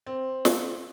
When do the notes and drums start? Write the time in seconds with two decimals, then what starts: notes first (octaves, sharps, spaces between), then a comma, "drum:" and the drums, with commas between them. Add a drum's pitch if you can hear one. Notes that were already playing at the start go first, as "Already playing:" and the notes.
0.07 C4
0.45 drum: snare